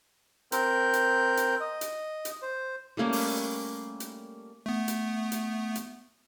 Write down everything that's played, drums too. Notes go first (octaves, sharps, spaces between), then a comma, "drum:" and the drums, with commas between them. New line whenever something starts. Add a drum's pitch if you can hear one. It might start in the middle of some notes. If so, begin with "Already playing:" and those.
C4 A#4 G6, drum: hi-hat
drum: hi-hat
drum: hi-hat
D#5
drum: hi-hat
drum: hi-hat
C5
G3 A3 A#3 C#4
drum: open hi-hat
drum: hi-hat
A3 B3
drum: hi-hat
drum: hi-hat
drum: hi-hat